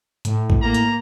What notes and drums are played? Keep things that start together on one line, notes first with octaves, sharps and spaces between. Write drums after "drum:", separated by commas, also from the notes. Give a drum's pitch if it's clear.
A2, drum: hi-hat
drum: kick
A#3 A#5
drum: hi-hat